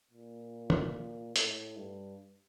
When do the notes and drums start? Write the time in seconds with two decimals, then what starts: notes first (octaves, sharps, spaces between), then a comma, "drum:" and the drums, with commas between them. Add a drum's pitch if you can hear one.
0.11 A#2
0.70 drum: tom
1.36 A2, drum: hi-hat
1.77 G2